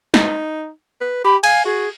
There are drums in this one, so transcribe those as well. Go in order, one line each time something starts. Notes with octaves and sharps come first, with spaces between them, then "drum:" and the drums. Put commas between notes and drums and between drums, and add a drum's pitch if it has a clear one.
D#4, drum: snare
B4
G4 B5
F5 G#5, drum: cymbal
F#4 G#4